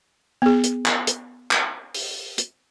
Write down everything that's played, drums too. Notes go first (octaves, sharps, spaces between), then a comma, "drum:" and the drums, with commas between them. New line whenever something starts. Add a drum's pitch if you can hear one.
B3 G#4
drum: hi-hat
drum: clap
drum: hi-hat
drum: clap
drum: open hi-hat
drum: hi-hat